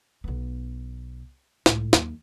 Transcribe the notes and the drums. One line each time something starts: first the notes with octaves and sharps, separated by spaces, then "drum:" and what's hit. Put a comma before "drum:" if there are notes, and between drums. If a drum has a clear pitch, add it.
B1 B3
C#2 A2, drum: snare
D#2 F#3, drum: snare